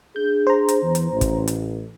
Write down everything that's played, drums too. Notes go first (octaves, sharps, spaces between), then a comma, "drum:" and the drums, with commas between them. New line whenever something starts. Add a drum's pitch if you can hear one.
D4 G#4 G6
C5 A#5
drum: hi-hat
E2 E3
drum: hi-hat
A1
drum: kick, hi-hat
drum: hi-hat